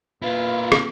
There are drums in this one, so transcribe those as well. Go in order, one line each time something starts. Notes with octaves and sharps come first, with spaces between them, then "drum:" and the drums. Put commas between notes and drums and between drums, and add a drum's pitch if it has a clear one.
A#2 E4 F4 B4
drum: rim click